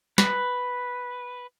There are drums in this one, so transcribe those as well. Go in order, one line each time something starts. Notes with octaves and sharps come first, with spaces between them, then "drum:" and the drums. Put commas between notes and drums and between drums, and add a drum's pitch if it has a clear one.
B4, drum: snare